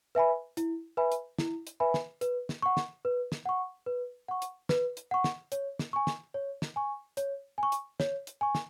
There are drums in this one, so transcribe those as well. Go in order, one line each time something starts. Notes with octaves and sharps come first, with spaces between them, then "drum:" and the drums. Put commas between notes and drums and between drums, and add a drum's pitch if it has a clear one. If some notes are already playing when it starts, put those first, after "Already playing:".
B4 E5 G#5 B5
E4, drum: hi-hat
B4 E5 G#5 B5
drum: hi-hat
E4, drum: snare
drum: hi-hat
B4 E5 G#5 B5
drum: snare
B4, drum: hi-hat
drum: snare
F#5 C#6
drum: snare
B4
drum: snare
F#5 C#6
B4
F#5 C#6
drum: hi-hat
B4, drum: snare
drum: hi-hat
F#5 C#6
drum: snare
C#5, drum: hi-hat
drum: snare
G#5 C#6
drum: snare
C#5
drum: snare
G#5 C#6
C#5, drum: hi-hat
G#5 C#6
drum: hi-hat
C#5, drum: snare
drum: hi-hat
G#5 C#6
drum: snare